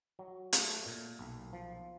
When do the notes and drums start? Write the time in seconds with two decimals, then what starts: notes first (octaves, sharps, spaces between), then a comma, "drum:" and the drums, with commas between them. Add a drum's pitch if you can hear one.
0.19 F#3
0.53 A3, drum: hi-hat
0.86 A#2
1.19 B1
1.53 F3